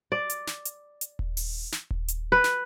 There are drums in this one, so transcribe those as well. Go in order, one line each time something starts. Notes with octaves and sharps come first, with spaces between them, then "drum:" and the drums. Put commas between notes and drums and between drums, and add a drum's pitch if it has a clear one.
D5
drum: hi-hat
drum: snare
drum: hi-hat
drum: hi-hat
drum: kick D#1
drum: open hi-hat
drum: snare
drum: kick D#1
drum: hi-hat
B4
drum: snare